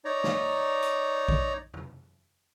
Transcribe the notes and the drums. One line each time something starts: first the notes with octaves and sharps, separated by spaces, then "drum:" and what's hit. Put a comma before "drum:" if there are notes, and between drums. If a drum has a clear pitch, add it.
D#4 C#5 D5 A#5
drum: snare
drum: hi-hat
drum: kick A#1
drum: tom E2